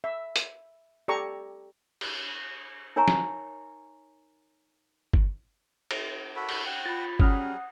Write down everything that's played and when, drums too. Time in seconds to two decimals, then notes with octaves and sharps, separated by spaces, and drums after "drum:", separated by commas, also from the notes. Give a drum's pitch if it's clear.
0.04 E5
0.36 drum: hi-hat
1.08 G4 A4 D5 A#5 C#6
2.01 drum: cymbal
2.96 D#4 A#4 C#5 G#5 A#5 C#6
3.08 drum: snare
5.13 drum: kick G1
5.91 drum: cymbal
6.36 F#4 A4 B5
6.49 drum: cymbal
6.65 F#5 G5
6.86 F4 B5 A6
7.00 B6
7.20 F#3 G3 C#4 G#4 F#5 D#6 F6 F#6, drum: kick G1